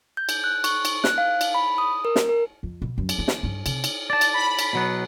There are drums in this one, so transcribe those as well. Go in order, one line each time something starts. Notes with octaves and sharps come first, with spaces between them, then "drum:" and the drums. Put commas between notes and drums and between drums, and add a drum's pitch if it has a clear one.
G6
drum: cymbal
F#6
C#6, drum: cymbal
drum: cymbal
F#6, drum: snare
F5
drum: cymbal
B5
D#6
A#4
drum: snare
A#4
F2
B2
F#2
drum: cymbal
E3
drum: snare
G2
C3, drum: cymbal
drum: cymbal
D5 A5
drum: cymbal
B5
drum: cymbal
B2 F#3 B3